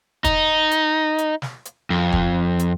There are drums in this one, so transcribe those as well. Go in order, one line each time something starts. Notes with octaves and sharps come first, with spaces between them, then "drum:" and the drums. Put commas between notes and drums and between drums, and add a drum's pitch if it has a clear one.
D#4, drum: kick, hi-hat
drum: hi-hat
drum: hi-hat
drum: snare
drum: hi-hat
F2
drum: kick
drum: hi-hat